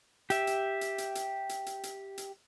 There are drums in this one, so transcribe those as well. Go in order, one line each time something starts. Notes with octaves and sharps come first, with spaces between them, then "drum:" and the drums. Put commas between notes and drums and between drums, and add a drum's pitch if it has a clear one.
G4 E5, drum: hi-hat
drum: hi-hat
drum: hi-hat
drum: hi-hat
drum: hi-hat
drum: hi-hat
drum: hi-hat
drum: hi-hat
drum: hi-hat